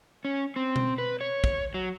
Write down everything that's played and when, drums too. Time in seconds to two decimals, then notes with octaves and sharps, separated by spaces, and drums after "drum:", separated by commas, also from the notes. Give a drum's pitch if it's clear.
0.25 C#4
0.56 C4
0.76 drum: tom B2
0.98 B4
1.21 C#5
1.44 drum: kick
1.74 F#3